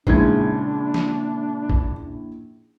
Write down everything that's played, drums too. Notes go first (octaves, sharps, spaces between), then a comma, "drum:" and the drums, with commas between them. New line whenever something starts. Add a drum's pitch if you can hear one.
A#1 G#2 C#3 D4 E4 G#6, drum: kick
drum: snare
drum: kick